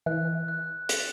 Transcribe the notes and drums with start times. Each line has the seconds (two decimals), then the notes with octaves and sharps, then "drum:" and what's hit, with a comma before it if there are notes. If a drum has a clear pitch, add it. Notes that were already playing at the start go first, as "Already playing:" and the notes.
0.06 E3 F#6
0.48 F#6
0.89 A6, drum: hi-hat